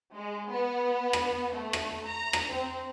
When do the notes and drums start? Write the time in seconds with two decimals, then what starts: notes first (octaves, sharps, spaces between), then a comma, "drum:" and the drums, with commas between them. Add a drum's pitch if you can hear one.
0.15 G#3
0.50 B3
1.13 drum: rim click
1.53 A3
1.73 drum: rim click
2.06 A#5
2.33 drum: rim click
2.51 C4